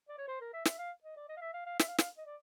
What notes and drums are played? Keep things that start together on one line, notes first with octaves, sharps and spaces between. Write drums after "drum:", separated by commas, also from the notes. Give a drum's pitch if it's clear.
D5
C#5
C5
A#4
E5
E5, drum: snare
F5
D#5
D5
D#5
F5
E5
F5
F5
E5, drum: snare
F5
F5, drum: snare
D#5
D5